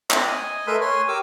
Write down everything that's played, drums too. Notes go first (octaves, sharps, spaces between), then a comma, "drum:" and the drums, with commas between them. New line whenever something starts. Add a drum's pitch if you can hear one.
E5 G5 A#5 C6 D6, drum: clap
D#5 G#5
A3 A#4 B4 E5 B5 C6
C#5 G#5 C6
G4 A#4 D6 E6